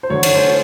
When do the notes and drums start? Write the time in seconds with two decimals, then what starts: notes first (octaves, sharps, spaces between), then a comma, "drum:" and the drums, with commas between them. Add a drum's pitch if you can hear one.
0.03 C5
0.10 D3 F#3 A3 C#5
0.23 C#5, drum: cymbal
0.35 C5